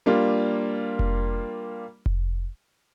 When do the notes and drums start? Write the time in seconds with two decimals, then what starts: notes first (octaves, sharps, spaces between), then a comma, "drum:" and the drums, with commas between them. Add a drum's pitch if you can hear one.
0.06 G3 A#3 D4 F4
0.99 drum: kick F1
2.06 drum: kick F1